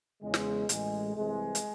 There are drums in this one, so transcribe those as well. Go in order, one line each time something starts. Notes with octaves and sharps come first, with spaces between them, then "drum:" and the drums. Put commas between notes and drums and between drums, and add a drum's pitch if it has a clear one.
E2 C#3 E3 G#3
drum: snare
A1 A2 E3 G#3, drum: hi-hat
C2 C3 E3 G#3
drum: hi-hat